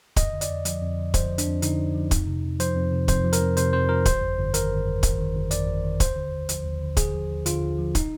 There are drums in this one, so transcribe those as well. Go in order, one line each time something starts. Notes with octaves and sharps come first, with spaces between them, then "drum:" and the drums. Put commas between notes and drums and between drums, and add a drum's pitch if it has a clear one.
F2 D#5, drum: kick, hi-hat
D3
D5, drum: hi-hat
F2
F3, drum: hi-hat
F2
D3
F2 C5, drum: kick, hi-hat
F3
D4, drum: hi-hat
F2
D3 D#4, drum: hi-hat
F2
F3
F2, drum: kick, hi-hat
C3
F2
F3 C5, drum: hi-hat
F2
C3
F2 C5, drum: kick, hi-hat
F3
A#4, drum: hi-hat
F2
C3 C5, drum: hi-hat
F2 C5
F3 A#4
G1 C5, drum: kick, hi-hat
F2
G1
D#3 A#4, drum: hi-hat
G1
F2
G1, drum: kick, hi-hat
D#3
G1
F2 D5, drum: hi-hat
G1
D#3
D#2 C5, drum: kick, hi-hat
D3
D#2
F3, drum: hi-hat
D#2
D3
D#2 G#4, drum: kick, hi-hat
F3
D#2
D3 F4, drum: hi-hat
D#2
F3
D#4, drum: kick, hi-hat